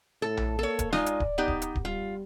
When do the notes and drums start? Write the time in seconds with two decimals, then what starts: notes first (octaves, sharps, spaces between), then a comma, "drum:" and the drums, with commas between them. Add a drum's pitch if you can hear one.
0.22 A2 A4
0.37 drum: tom A#1
0.59 A#3 A4 C#5
0.79 drum: kick D1, hi-hat
0.93 G#3 D#4 F4 D5, drum: snare
1.06 drum: hi-hat
1.20 drum: kick D1
1.38 B3 D#4 G4
1.48 drum: kick D1
1.62 drum: hi-hat
1.75 drum: kick D1
1.85 G3 F4